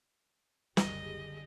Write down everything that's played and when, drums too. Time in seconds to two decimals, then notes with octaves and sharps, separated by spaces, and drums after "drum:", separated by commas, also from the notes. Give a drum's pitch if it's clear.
0.77 F#1 C2 D3 G3 G4 G#4 D#5, drum: snare